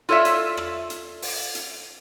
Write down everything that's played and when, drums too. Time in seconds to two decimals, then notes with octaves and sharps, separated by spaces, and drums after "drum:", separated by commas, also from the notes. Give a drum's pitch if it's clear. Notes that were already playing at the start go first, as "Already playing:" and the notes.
0.09 F4 A4 C#5 D5 E5
0.25 drum: hi-hat
0.57 drum: rim click
0.90 drum: hi-hat
1.22 drum: open hi-hat
1.55 drum: hi-hat